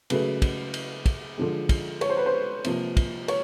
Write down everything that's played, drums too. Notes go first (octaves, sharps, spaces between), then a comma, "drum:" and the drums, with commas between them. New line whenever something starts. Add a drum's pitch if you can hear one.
C#3 F#3 A3 B4, drum: cymbal
drum: kick, cymbal
drum: cymbal
drum: kick, cymbal
D3 F3 G#3
drum: kick, cymbal
C#5, drum: cymbal
C5
B4
C5
C3 F3 A#3, drum: cymbal
drum: kick, cymbal
C#5, drum: cymbal